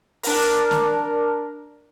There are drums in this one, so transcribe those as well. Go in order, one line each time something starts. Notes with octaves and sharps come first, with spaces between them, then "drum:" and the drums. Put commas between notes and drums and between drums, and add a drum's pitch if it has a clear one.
D4 A#4, drum: open hi-hat
drum: snare